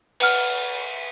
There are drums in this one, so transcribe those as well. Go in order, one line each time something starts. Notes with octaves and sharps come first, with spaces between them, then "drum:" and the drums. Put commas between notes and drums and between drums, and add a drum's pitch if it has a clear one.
B4 F#5 F6, drum: cymbal